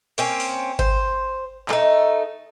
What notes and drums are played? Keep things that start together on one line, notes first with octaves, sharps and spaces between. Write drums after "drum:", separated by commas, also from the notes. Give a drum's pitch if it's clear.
A#3 C4 C#4, drum: cymbal
drum: open hi-hat
C5, drum: kick G#1
A3 D#4, drum: clap